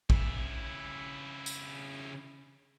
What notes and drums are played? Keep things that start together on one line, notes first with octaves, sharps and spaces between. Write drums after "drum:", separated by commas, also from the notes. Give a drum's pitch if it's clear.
C#3 E4, drum: kick A1
drum: tambourine